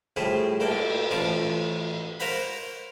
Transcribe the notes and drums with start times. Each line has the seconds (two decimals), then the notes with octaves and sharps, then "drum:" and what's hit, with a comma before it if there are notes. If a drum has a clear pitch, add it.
0.16 A2 F3 G3 E4 G#4 C5
0.60 A#3 A4 D5 G5, drum: cymbal
1.11 A1 F3 F4 D5 A5 C#6
2.20 A#4 C5 F5 F#5 B5, drum: open hi-hat